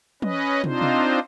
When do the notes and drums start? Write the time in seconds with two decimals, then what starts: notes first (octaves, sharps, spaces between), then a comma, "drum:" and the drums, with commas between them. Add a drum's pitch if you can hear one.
0.22 C#4 B4 D#5, drum: tom
0.64 C4 D4 D#4 F4 C5, drum: tom
0.81 drum: tom